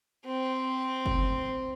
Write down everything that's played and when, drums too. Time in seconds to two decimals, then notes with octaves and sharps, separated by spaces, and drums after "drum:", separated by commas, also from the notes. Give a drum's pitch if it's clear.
0.26 C4
1.06 drum: kick F#1